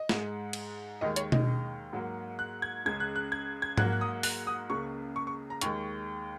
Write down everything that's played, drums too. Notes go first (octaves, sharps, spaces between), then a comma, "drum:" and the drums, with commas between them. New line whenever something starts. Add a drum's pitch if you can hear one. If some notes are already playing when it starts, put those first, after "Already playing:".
Already playing: D#5
G#2 G#3, drum: snare
drum: cymbal
D#2 D#3 G#3 D#5
C#5, drum: hi-hat
D#5, drum: tom B2
G#2 F#3 A#3
F#6
G#6
C#2 C#3 G#3 G#6
F#6
F#6
G#6
G#6
G#2 F#3 A#3 F#6, drum: tom G#2
F#6
D#6
F#6, drum: open hi-hat
D#6
C#2 C#3 A#3 C#6
C#6
C#6
A#5
D#2 D#3 G#3 C#6, drum: hi-hat